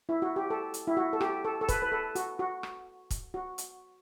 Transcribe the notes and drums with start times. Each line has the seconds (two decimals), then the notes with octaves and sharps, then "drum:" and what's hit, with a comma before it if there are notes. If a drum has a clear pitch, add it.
0.09 E4
0.22 F#4
0.36 G4
0.50 A4
0.74 drum: hi-hat
0.87 E4
0.97 F#4
1.13 A4
1.21 G4, drum: rim click
1.45 A4
1.61 A4
1.69 B4, drum: kick, hi-hat
1.82 B4
1.92 A4
2.15 F#4, drum: hi-hat
2.39 F#4
2.63 drum: rim click
3.11 drum: kick, hi-hat
3.34 F#4
3.58 drum: hi-hat